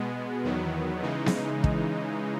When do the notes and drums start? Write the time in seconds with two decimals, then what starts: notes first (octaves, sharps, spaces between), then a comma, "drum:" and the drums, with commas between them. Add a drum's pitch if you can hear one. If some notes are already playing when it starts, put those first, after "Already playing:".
Already playing: B2 G#3 B3
0.44 E2 D#3 F#3 B3
1.02 C#3 E3 G#3 D#4
1.26 drum: snare B3
1.64 drum: kick